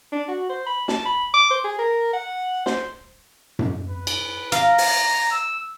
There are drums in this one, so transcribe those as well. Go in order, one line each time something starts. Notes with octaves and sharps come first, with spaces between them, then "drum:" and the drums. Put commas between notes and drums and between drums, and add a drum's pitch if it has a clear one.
D4
F#4
C5
B5
A5, drum: snare
B5
D6
C5
G#4
A#4
F#5
C5, drum: snare
drum: tom F#2
B4
drum: cymbal
F5 A#5, drum: hi-hat
drum: open hi-hat
E6